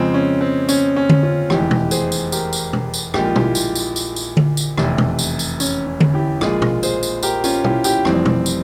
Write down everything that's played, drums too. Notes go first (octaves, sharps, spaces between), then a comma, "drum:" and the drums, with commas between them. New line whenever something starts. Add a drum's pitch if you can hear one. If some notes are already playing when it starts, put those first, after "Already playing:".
Already playing: F2 C#3 F3 G#3 C4
C#4
C4
C#4, drum: tambourine
C#4
drum: tom D3
C#4 F4
F1 E2 E3 G#3 E4 G4, drum: rim click
drum: tom B2
G#4 C5, drum: tambourine
drum: tambourine
G4 A#4, drum: tambourine
drum: tambourine
drum: tom B2
drum: tambourine
A#1 A#2 G#3 G4, drum: rim click
F4
E4 G4, drum: tom
drum: tambourine
drum: tambourine
drum: tambourine
drum: tambourine
drum: tom D3
drum: tambourine
F1 E2 C3, drum: rim click
drum: tom B2
drum: tambourine
drum: tambourine
C#4, drum: tambourine
C#4
drum: tom D3
E4 G4
A#1 A#2 G#3 F4 G#4, drum: rim click
drum: tom B2
G#4 C5, drum: tambourine
drum: tambourine
G4 A#4, drum: tambourine
C#4 F4, drum: tambourine
E4 G4, drum: tom
E4 G4, drum: tambourine
F1 F2 E3 G3 C4, drum: rim click
drum: tom B2
drum: tambourine